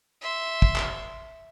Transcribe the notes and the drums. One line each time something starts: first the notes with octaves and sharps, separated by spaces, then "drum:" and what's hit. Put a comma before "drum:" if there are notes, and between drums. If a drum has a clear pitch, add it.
E5 C6
drum: kick
drum: clap